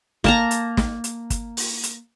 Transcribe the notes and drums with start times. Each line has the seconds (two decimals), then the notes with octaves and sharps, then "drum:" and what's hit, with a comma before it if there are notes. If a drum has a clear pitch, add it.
0.24 A#3 A5 A#5, drum: snare
0.51 drum: hi-hat
0.77 drum: snare
1.04 drum: hi-hat
1.30 drum: kick, hi-hat
1.57 drum: open hi-hat
1.83 drum: hi-hat